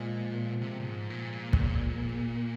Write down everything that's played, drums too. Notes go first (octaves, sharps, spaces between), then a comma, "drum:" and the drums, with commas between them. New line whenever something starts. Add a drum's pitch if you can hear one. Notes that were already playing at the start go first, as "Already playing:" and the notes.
Already playing: A#2 F3 G#3
C3
A#2
G#2
A#2
drum: kick